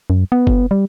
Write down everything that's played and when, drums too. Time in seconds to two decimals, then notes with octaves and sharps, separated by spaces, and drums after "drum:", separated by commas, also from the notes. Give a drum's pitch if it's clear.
0.10 F#2
0.32 B3
0.47 drum: kick F#1
0.71 G3